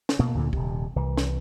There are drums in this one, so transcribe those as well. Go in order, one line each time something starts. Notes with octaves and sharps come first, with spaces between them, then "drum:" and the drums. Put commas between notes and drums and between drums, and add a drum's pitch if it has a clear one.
drum: snare
B2 A#3
D2 A#2 D3
D#1 C3, drum: kick
C2 E3
drum: snare